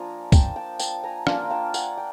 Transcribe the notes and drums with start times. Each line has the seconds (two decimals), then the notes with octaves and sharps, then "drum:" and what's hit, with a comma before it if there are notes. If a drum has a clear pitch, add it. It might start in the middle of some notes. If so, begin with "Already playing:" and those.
Already playing: F3 A#3 D4 G#5 A#5
0.32 G5 A5, drum: kick, tambourine
0.56 G5 A5
0.79 G5 A5, drum: tambourine
1.04 G#5 A#5
1.27 A#3 D4 F4 G#5 A#5, drum: rim click
1.50 G5 A5
1.74 F#5 G#5, drum: tambourine
1.97 G5